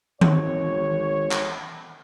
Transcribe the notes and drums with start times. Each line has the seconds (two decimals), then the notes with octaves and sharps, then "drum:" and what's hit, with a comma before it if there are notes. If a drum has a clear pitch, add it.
0.21 G#1 C#5, drum: tom D#3
1.31 drum: clap